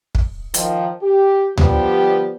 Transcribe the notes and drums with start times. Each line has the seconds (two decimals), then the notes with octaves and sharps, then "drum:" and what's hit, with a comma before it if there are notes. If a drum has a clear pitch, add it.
0.15 drum: kick
0.54 D#3 F3, drum: hi-hat
1.02 G4
1.57 D3 F3 G3 B3 G4, drum: tom D2